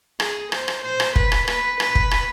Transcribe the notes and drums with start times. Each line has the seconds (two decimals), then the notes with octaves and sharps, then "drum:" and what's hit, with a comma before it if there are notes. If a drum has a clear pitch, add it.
0.20 G#4, drum: rim click
0.52 C5, drum: rim click
0.68 drum: rim click
0.84 C5
1.00 drum: rim click
1.16 B4, drum: kick
1.32 drum: rim click
1.48 B4, drum: rim click
1.80 B4, drum: rim click
1.95 drum: kick
2.11 drum: rim click